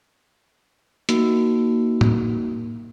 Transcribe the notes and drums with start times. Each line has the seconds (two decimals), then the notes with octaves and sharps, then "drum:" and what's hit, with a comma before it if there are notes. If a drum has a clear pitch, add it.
1.09 A#3 D#4 F#4, drum: hi-hat
2.01 drum: tom A2